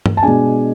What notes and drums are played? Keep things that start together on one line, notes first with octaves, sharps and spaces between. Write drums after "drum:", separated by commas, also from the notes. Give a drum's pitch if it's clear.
drum: tom G2
A5
B2 G#3 D4 G#5